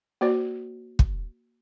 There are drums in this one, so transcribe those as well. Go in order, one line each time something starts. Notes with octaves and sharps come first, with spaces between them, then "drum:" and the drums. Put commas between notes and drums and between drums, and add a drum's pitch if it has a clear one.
A#3 F#4 C5 D5
drum: kick